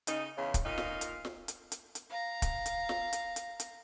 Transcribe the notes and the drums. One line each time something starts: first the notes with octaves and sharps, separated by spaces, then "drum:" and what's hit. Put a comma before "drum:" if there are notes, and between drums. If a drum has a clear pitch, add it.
C#3 D#4, drum: hi-hat
E2 C#3 C#4
drum: kick, hi-hat
A#2 D#4 F5
drum: snare
drum: hi-hat
drum: snare
drum: hi-hat
drum: hi-hat
drum: hi-hat
F5 A#5
drum: kick, hi-hat
drum: hi-hat
drum: snare
drum: hi-hat
drum: hi-hat
drum: hi-hat